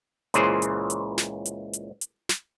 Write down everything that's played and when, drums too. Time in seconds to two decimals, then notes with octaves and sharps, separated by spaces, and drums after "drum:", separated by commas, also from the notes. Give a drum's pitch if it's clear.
0.34 C#2 A#2 C#3 E3 G#4 C5, drum: hi-hat
0.62 drum: hi-hat
0.90 drum: hi-hat
1.18 drum: snare
1.45 drum: hi-hat
1.73 drum: hi-hat
2.01 drum: hi-hat
2.29 drum: snare